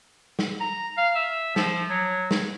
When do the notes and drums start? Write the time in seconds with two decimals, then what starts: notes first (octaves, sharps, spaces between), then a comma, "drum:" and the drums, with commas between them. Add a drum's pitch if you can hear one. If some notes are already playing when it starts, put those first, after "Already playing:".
0.39 drum: snare
0.61 A#5
0.98 F5
1.15 E5
1.56 F3, drum: snare
1.90 F#3
2.31 drum: snare